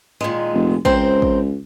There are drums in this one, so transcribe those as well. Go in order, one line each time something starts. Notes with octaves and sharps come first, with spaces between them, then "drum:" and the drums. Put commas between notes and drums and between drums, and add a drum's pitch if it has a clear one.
A#2 D#3 G#3
F1
C#2 C4 A#4 C5, drum: kick
drum: kick